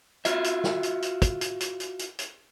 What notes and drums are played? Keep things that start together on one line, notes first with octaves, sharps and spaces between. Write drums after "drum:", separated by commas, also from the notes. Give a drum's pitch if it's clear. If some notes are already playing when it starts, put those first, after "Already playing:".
F4 F#4 E5, drum: hi-hat
drum: hi-hat
drum: snare
drum: hi-hat
drum: hi-hat
drum: kick, hi-hat
drum: hi-hat
drum: hi-hat
drum: hi-hat
drum: hi-hat
drum: hi-hat